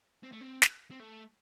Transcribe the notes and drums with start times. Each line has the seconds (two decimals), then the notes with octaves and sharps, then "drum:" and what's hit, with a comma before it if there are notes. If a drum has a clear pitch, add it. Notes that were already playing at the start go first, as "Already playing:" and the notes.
0.24 C4
0.32 A3
0.41 C4
0.62 drum: snare
0.91 C4
1.00 A3